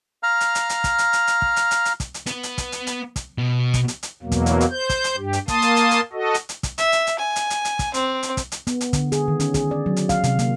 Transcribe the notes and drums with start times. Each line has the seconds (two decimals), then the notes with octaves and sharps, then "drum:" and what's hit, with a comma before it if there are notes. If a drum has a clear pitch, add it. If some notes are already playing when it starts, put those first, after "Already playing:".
0.23 F5 A#5 F6
0.41 drum: hi-hat
0.55 drum: hi-hat
0.69 drum: hi-hat
0.84 drum: kick, hi-hat
0.98 drum: hi-hat
1.13 drum: hi-hat
1.27 drum: hi-hat
1.42 drum: kick
1.56 drum: hi-hat
1.71 drum: hi-hat
1.85 drum: hi-hat
2.00 drum: kick, hi-hat
2.14 drum: hi-hat
2.26 B3 B4, drum: hi-hat
2.43 drum: hi-hat
2.58 drum: kick, hi-hat
2.72 drum: hi-hat
2.87 drum: hi-hat
3.16 drum: kick, hi-hat
3.38 B2
3.74 drum: kick, hi-hat
3.88 drum: hi-hat
4.03 drum: hi-hat
4.23 E2 B2 F#3 A#3
4.32 drum: kick, hi-hat
4.46 drum: hi-hat
4.61 drum: hi-hat
4.71 C5 G6
4.90 drum: kick, hi-hat
5.04 drum: hi-hat
5.17 G2 G4
5.33 drum: hi-hat
5.48 A#3 A5 C6 D#6, drum: kick, hi-hat
5.62 drum: hi-hat
5.76 drum: hi-hat
5.91 drum: hi-hat
6.13 F#4 A4 D#5
6.34 drum: hi-hat
6.49 drum: hi-hat
6.63 drum: kick, hi-hat
6.78 E5, drum: hi-hat
6.92 drum: hi-hat
7.07 drum: hi-hat
7.18 G#5
7.36 drum: hi-hat
7.50 drum: hi-hat
7.65 drum: hi-hat
7.79 drum: kick, hi-hat
7.94 C4, drum: hi-hat
8.23 drum: hi-hat
8.37 drum: kick, hi-hat
8.52 drum: hi-hat
8.67 B3, drum: hi-hat
8.81 drum: hi-hat
8.93 D3, drum: kick, hi-hat
9.12 G#4, drum: hi-hat
9.28 D#3
9.40 C#4, drum: hi-hat
9.54 G#4, drum: kick, hi-hat
9.71 D5
9.86 F#3
9.96 drum: hi-hat
10.09 F5, drum: kick, hi-hat
10.24 C3, drum: hi-hat
10.39 A#3, drum: hi-hat